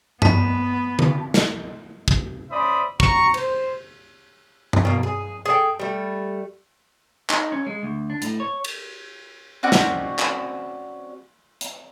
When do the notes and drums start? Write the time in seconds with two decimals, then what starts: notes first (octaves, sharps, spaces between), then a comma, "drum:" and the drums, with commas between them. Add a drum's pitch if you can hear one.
0.22 B3 A5 B6, drum: tom G2
0.99 drum: tom D3
1.34 drum: snare
2.08 drum: kick
2.50 C#4 C5 D5 E5 B5 D#6
3.00 F#4 A#5 C#6, drum: kick
3.34 C5, drum: cymbal
4.73 drum: tom G2
4.85 B2 A#3
5.03 G#4
5.46 G#4 A4 G5
5.80 G3 A3
7.30 D#4, drum: clap
7.52 C#4
7.66 G#3
7.83 D2
8.10 D4
8.22 A2, drum: hi-hat
8.40 C#5
8.64 drum: cymbal
9.63 C4 C#4 F#4 D5
9.72 drum: snare
10.19 drum: clap
11.61 drum: hi-hat